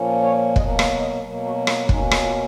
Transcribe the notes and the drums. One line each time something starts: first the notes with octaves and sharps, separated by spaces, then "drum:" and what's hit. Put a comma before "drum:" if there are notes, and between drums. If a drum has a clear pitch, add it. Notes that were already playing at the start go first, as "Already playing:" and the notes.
Already playing: A#2 F3 A#3 C#4
C#5
B2 F#3 A#3 D#5, drum: kick
F5, drum: rim click
D#5
B2 F#3 A#3
F#4
F4, drum: rim click
B2 A#3 C#4 D#4, drum: kick
drum: rim click
F4